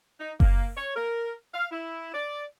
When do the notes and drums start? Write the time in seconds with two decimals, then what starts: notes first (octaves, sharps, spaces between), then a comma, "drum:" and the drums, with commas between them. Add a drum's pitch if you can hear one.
0.20 D#4
0.40 A#3, drum: kick F#1
0.77 C#5
0.96 A#4
1.54 F5
1.71 E4
2.14 D5